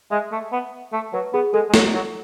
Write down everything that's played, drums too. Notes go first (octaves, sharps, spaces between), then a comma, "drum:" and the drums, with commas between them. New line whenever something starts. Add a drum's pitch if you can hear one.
G#3 E5
A3
B3
A3
F#3 B4
B3 G#4
G#3 A4
G#3
F#3 A4, drum: snare
F#3